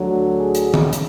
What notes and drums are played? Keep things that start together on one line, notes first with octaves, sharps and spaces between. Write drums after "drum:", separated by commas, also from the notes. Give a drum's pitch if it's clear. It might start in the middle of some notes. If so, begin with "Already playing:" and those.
Already playing: D2 D3 F#3
G#4
drum: hi-hat
drum: tom D#3
drum: hi-hat